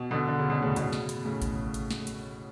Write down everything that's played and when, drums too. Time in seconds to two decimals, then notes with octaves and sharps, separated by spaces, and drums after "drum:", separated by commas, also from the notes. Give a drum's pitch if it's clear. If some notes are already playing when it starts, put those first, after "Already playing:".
Already playing: B2
0.11 B2 D3
0.28 D3
0.39 C#3
0.50 B2
0.62 A2 C#3
0.76 B2, drum: hi-hat
0.93 drum: snare
1.09 drum: hi-hat
1.25 A2 C#3
1.42 drum: kick A1, hi-hat
1.74 drum: hi-hat
1.91 drum: snare
2.07 drum: hi-hat